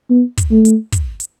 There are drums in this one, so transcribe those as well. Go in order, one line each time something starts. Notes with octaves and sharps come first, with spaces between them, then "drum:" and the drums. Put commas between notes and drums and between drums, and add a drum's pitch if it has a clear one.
B3
drum: kick, hi-hat
A3
drum: hi-hat
drum: kick, hi-hat
drum: hi-hat